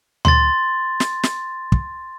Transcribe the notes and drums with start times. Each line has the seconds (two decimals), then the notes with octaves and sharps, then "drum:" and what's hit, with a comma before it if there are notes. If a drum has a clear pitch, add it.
0.25 C6 A6, drum: tom D2
1.00 drum: snare
1.23 drum: snare
1.72 drum: kick